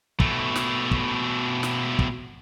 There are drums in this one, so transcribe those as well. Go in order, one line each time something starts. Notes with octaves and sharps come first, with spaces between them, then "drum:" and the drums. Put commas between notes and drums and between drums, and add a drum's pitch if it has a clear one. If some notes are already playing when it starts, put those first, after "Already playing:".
B2 A3, drum: kick
drum: snare
drum: kick
drum: snare
drum: kick